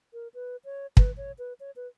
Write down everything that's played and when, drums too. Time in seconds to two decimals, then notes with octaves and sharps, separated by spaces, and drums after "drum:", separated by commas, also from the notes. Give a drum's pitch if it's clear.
0.13 A#4
0.34 B4
0.65 C#5
0.97 B4, drum: kick
1.17 C#5
1.39 B4
1.60 C#5
1.76 B4